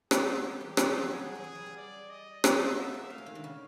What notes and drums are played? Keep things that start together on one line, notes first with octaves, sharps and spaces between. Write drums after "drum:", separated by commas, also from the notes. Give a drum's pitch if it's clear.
B3 G4, drum: rim click
A#3
A3
G#3
G3 G4
E3
D3, drum: rim click
C#3
F3
F#3
G3 G#4
F#3
E3
F#3
G3
G3
D5
D#5
G#3, drum: rim click
A3
A#3
B3
A#3 E5
A3
A3 F5
G#3
D#3
D3
C#3